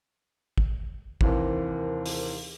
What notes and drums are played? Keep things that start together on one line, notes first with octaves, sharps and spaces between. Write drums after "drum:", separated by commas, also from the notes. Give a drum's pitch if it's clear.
drum: kick
D#2 C3 E3 A#4 C5, drum: kick
drum: open hi-hat